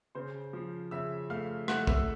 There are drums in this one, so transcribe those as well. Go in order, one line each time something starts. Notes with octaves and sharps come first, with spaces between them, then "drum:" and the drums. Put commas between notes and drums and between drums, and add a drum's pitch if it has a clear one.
C#3 C5 C6
F3
C#3 E5 E6
A3 F5 F6
A3 F#5 F#6, drum: rim click
E5 E6, drum: kick